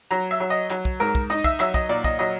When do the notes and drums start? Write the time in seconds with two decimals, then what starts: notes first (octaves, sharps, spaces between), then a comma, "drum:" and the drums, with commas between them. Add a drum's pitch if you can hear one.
0.11 F#3 A#5
0.31 E5
0.40 F#3
0.50 D#5
0.70 F#3, drum: clap
0.85 drum: kick
1.00 G#2 A#4
1.15 drum: kick
1.30 D#4 D#5
1.44 E5, drum: kick
1.60 F#3 E5, drum: clap
1.74 D#5, drum: kick
1.89 A#2 D5
2.04 D#5, drum: kick
2.19 F#3 D#5